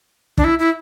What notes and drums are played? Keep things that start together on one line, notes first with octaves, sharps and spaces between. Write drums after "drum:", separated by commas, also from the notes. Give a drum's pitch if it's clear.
D4, drum: kick
E4
E4